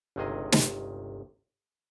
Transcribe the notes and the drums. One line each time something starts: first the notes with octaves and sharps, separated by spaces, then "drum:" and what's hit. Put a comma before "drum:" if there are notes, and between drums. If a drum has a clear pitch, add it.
G1 C#2 C3 D#3 G#4 D#5
drum: snare